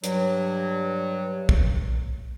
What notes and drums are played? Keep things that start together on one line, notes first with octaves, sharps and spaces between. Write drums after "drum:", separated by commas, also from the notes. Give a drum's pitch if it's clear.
G2 F#3, drum: hi-hat
drum: kick